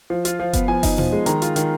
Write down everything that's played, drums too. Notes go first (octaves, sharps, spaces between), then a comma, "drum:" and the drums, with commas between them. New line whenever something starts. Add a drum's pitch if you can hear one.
F3
F4, drum: hi-hat
F3
B3, drum: kick F#1, hi-hat
F3 G#5
D#4, drum: kick F#1, open hi-hat
F3, drum: tom B2
G#3
D#3 A#5, drum: hi-hat
F4, drum: hi-hat
D#3, drum: hi-hat